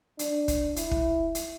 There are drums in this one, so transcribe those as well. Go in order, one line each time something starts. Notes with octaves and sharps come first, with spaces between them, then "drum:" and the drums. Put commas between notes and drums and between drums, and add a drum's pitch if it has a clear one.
D4, drum: hi-hat
drum: kick, hi-hat
E4, drum: hi-hat
drum: kick
drum: hi-hat